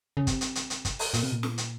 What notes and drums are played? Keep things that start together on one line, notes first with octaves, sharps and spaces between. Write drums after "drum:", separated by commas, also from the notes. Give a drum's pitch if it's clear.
C#3
C3, drum: kick, hi-hat
drum: hi-hat
drum: hi-hat
drum: hi-hat
drum: kick, hi-hat
drum: open hi-hat
A#2, drum: hi-hat
C3
A#2
drum: snare
drum: hi-hat